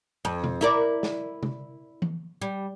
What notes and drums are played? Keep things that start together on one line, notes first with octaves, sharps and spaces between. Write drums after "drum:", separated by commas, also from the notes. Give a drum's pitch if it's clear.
F2
drum: tom B2
E4 A#4 D5
drum: snare
drum: tom C3
drum: tom E3
G3